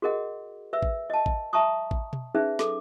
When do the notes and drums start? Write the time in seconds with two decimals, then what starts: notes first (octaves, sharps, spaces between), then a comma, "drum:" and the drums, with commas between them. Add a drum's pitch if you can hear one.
0.02 F#4 G#4 A#4 D#5 F#5
0.73 B4 E5 E6
0.83 drum: kick
1.10 D#5 A5
1.26 drum: kick
1.53 E5 A5 A#5 C#6 D#6
1.91 drum: kick
2.13 drum: tom B2
2.35 C#4 D#4 G#4 B4 E5
2.59 A4 D6, drum: snare